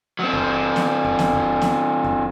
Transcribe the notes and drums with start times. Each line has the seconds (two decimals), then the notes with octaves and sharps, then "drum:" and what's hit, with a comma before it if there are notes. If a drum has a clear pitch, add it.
0.19 F#3 C4
0.33 drum: kick F2
0.76 drum: snare B3
1.04 drum: kick F2
1.19 drum: snare B3
1.33 drum: kick F2
1.61 drum: snare B3
2.04 drum: kick F2